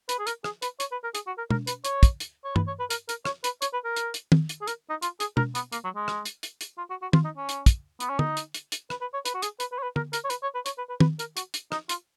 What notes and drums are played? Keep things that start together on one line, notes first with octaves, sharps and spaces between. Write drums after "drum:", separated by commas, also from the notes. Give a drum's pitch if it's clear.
B4, drum: hi-hat
G#4
A#4, drum: hi-hat
G#4, drum: rim click
B4, drum: hi-hat
C#5, drum: hi-hat
B4
A#4
G#4, drum: hi-hat
F#4
A#4
A#4, drum: tom B2
B4, drum: hi-hat
C#5, drum: hi-hat
drum: kick, hi-hat
drum: hi-hat
C#5
B4, drum: tom G2
C#5
B4
A#4, drum: hi-hat
A#4, drum: hi-hat
C#5, drum: rim click
B4, drum: hi-hat
C#5, drum: hi-hat
B4
A#4
drum: hi-hat
drum: hi-hat
drum: tom
drum: hi-hat
G#4
A#4, drum: hi-hat
D#4
F4, drum: hi-hat
G#4, drum: hi-hat
A#4, drum: tom B2
B3, drum: hi-hat
A#3, drum: hi-hat
F#3
G#3
drum: rim click
drum: hi-hat
drum: hi-hat
drum: hi-hat
F4
F#4
F#4
F4, drum: tom
D#4
C#4
drum: hi-hat
drum: kick, hi-hat
B3, drum: hi-hat
C#4
D#4, drum: tom
drum: hi-hat
drum: hi-hat
drum: hi-hat
B4, drum: rim click
B4
C#5
B4, drum: hi-hat
F#4
G#4, drum: hi-hat
B4, drum: hi-hat
B4
C#5
B4
A#4, drum: tom
A#4, drum: hi-hat
C#5
B4, drum: hi-hat
C#5
B4
C#5, drum: hi-hat
B4
B4
B4, drum: tom
A#4, drum: hi-hat
F#4, drum: hi-hat
drum: hi-hat
D#4, drum: rim click
F4, drum: hi-hat